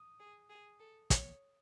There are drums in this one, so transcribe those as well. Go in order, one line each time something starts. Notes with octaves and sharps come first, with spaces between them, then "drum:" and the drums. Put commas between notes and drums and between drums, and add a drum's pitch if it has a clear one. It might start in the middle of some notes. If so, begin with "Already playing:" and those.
Already playing: D#6
G#4
G#4
A4
C#5, drum: kick, hi-hat